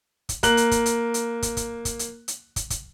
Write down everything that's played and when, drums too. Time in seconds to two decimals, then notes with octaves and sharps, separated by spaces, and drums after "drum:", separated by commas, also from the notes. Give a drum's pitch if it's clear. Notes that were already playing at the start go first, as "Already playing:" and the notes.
0.29 drum: kick, hi-hat
0.43 A#3 F#6 F#7, drum: kick, hi-hat
0.57 drum: hi-hat
0.71 drum: kick, hi-hat
0.86 drum: hi-hat
1.14 drum: hi-hat
1.42 drum: kick, hi-hat
1.57 drum: kick, hi-hat
1.85 drum: kick, hi-hat
1.99 drum: hi-hat
2.28 drum: hi-hat
2.56 drum: kick, hi-hat
2.70 drum: kick, hi-hat